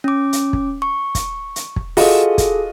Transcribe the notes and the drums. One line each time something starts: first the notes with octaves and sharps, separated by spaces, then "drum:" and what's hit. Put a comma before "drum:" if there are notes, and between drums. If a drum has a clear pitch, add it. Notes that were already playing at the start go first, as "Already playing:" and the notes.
C#4 D6
drum: hi-hat
drum: kick
C#6
drum: kick, hi-hat
drum: hi-hat
drum: kick
F4 F#4 G#4 A4 D#5, drum: open hi-hat
drum: kick, hi-hat